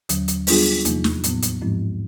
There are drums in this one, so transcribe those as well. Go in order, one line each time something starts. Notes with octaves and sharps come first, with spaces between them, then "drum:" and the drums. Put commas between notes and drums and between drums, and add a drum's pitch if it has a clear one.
D#2 D3 F#3, drum: hi-hat
drum: hi-hat
G3 B3 D4 F4 G#4, drum: open hi-hat
E2 C3 F3 A#3 D#4, drum: hi-hat
drum: snare
A2 F#3 B3, drum: hi-hat
drum: hi-hat
G#2 F3 G#3 C4 E4